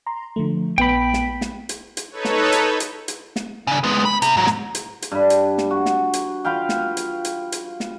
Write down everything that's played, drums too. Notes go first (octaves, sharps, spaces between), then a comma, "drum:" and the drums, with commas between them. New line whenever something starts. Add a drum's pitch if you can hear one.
A#5 C6
D3 F3 A3
A#1 B3 G5 B5 B6
drum: snare
drum: snare
drum: hi-hat
drum: hi-hat
D#4 A4 B4 C#5
drum: snare
drum: hi-hat
drum: hi-hat
drum: hi-hat
drum: snare
C#3 D4
G#3 B3
B5
C3, drum: hi-hat
G#2 F#3
drum: snare
drum: hi-hat
drum: hi-hat
G2 B4
drum: hi-hat
drum: snare
F#4
drum: snare
drum: hi-hat
F4 B4 F5 G5
drum: snare
drum: hi-hat
drum: hi-hat
drum: hi-hat
drum: snare